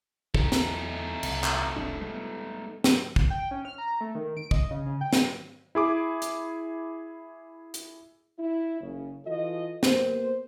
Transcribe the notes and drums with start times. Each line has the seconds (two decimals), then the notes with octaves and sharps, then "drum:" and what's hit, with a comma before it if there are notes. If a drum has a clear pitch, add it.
0.34 E2 F#3 A3 D#4, drum: kick
0.52 drum: snare
1.23 C2, drum: cymbal
1.44 drum: clap
1.76 E1 C2 D4
2.01 G3 G#3 B3
2.84 drum: snare
3.16 drum: kick
3.30 G5
3.51 C#4
3.65 F6
3.78 A#5
4.01 A3
4.15 D#3
4.37 D7
4.51 D#5, drum: kick
4.71 C#3
4.86 C#3
5.01 G5
5.13 drum: snare
5.75 E4 G#4 D6
6.22 drum: hi-hat
7.74 drum: hi-hat
8.38 E4
8.80 F#1 C#3
9.25 E3 F4 F#4 A4 D#5
9.83 A#3 B3 G4 C5, drum: snare